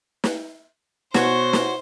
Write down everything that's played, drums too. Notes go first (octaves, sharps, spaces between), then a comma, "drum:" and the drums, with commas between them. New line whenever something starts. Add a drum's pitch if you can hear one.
drum: snare
B2 F#4 C5 C#5, drum: snare
drum: snare